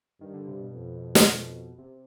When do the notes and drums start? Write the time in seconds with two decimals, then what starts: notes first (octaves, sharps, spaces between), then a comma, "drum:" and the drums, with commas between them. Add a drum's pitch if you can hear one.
0.21 G2 D#3
0.34 D3
0.47 C3
0.60 B2
0.74 F2
1.15 drum: snare
1.26 B2
1.78 C3